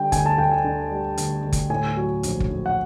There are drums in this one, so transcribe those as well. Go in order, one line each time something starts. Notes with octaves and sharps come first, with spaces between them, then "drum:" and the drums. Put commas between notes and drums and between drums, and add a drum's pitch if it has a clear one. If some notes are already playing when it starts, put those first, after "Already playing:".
Already playing: D3 G3 G5
D2 G#5, drum: kick, hi-hat
A5
D2 G5
G#5
D3
G3
D2, drum: hi-hat
D2
drum: kick, hi-hat
A2 G#5
F#3
A#1, drum: hi-hat
drum: kick
A#1
F#5